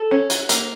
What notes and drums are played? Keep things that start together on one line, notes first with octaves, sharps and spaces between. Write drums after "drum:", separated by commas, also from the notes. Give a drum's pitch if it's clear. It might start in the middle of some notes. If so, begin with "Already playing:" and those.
Already playing: A4
C#4
F#4, drum: hi-hat
A#3, drum: hi-hat